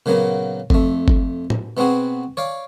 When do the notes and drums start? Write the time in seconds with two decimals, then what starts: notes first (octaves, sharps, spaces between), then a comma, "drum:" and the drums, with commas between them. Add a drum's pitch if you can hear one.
0.06 A#2 C#3 F#3 A#3 B3
0.70 F2 A3, drum: kick G1
1.08 drum: kick G1
1.50 drum: tom A2
1.77 B2 B3 C4 F#4 G#4
2.37 C#5 D5 F5